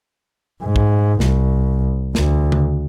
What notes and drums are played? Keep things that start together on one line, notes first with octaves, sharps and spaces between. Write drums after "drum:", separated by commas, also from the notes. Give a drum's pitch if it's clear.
G#2
drum: kick
C2, drum: snare
D2, drum: snare
drum: tom C#3